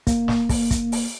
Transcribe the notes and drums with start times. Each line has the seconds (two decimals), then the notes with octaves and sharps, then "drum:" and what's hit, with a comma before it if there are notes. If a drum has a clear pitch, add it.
0.07 A#3, drum: kick, hi-hat
0.28 drum: snare
0.49 drum: kick, open hi-hat
0.71 drum: kick, hi-hat
0.92 drum: open hi-hat